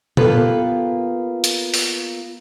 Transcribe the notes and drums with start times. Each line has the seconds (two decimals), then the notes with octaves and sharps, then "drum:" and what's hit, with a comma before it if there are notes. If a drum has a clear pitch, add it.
0.17 A#3 B3 F4 G4 A4 B4, drum: tom A#2
1.44 drum: hi-hat
1.74 drum: open hi-hat